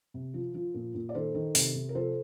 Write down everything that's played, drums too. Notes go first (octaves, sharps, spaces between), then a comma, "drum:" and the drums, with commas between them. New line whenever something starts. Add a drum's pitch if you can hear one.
C3
F3
F3
A#2
A#2
D5
D#3 A4 C5
D#3
C3, drum: open hi-hat
C3
A#4
F3 A4 C5